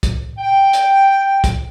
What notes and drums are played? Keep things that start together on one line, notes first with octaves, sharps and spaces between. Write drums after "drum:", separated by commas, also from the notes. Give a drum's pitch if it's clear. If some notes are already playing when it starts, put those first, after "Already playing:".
drum: kick, hi-hat
G5
drum: hi-hat
drum: kick, hi-hat